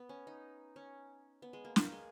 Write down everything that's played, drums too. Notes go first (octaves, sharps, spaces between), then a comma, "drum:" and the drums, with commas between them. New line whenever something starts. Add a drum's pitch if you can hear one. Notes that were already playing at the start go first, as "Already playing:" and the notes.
Already playing: B3
C#4
D#4
C#4
B3
G#3
A#3
A#3, drum: snare
G#3